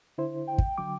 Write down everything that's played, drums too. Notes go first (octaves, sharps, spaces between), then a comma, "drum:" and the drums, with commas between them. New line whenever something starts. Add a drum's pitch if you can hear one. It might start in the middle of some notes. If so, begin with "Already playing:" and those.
D3 E4 C5
G5
drum: kick
D3 F#3 D6